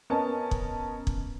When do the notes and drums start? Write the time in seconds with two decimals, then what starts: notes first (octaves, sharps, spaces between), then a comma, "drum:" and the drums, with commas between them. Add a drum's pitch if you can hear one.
0.10 B3 C#4 A#4 D#5 A5
0.51 drum: kick
1.07 drum: kick